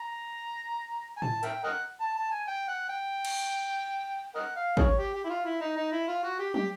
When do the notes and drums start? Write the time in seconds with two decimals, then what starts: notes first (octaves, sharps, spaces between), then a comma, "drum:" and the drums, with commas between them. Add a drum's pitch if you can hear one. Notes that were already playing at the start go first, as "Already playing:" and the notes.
Already playing: A#5
1.17 G#5
1.22 A5, drum: tom A2
1.43 A#4 E5 G5, drum: hi-hat
1.64 A#4 D#5 F#5
2.00 A5
2.16 A5
2.32 G#5
2.48 G5
2.68 F#5
2.89 G5
3.25 drum: cymbal
4.35 A#4 D#5 F#5
4.56 F5
4.77 G#4 A#4 C#5, drum: kick
4.98 G4
5.13 G4
5.24 E4
5.29 F4
5.45 E4
5.61 D#4
5.76 D#4
5.92 E4
6.08 F4
6.24 F#4
6.39 G4
6.54 G4, drum: tom